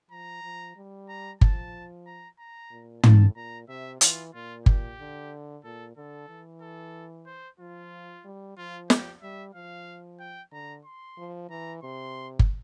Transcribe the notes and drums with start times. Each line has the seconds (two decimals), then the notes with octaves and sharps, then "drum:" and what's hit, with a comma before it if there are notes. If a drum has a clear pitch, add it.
0.10 F3 A#5
0.43 F3
0.76 G3
1.09 A#5
1.41 F3 A5, drum: kick G1
2.06 A#5
2.39 A#5
2.71 A#2
3.03 A2 A5, drum: tom
3.36 A#2 A#5
3.69 C3 E5
4.01 E3 F4, drum: hi-hat
4.34 A#2 F4
4.66 G4, drum: kick G1
5.00 D3
5.64 A#2 A4
5.97 D3 A4
6.29 E3
6.62 A4
7.26 C5
7.60 F3 F4
8.24 G3
8.57 F3 F4
8.90 G4, drum: snare
9.22 G3 E5
9.55 F3 F5
10.20 G5
10.52 D3 A#5
10.85 C6
11.18 F3
11.50 E3 A#5
11.83 C3 C6
12.39 drum: kick G1